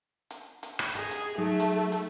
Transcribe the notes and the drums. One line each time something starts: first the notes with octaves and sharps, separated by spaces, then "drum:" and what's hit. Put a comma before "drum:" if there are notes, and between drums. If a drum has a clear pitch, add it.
drum: hi-hat
drum: hi-hat
drum: rim click
G4 G#4 D#5, drum: hi-hat
drum: hi-hat
F#3 A3 D#4 G#4
drum: hi-hat
drum: hi-hat